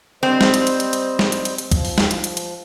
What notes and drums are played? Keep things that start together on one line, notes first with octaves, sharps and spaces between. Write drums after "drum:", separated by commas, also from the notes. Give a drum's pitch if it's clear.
G3 C4 C5 D#5
drum: snare
drum: hi-hat
drum: hi-hat
drum: hi-hat
drum: hi-hat
drum: snare
drum: hi-hat
drum: hi-hat
drum: hi-hat
F3, drum: kick, hi-hat
drum: open hi-hat
drum: snare
drum: hi-hat
drum: hi-hat
drum: hi-hat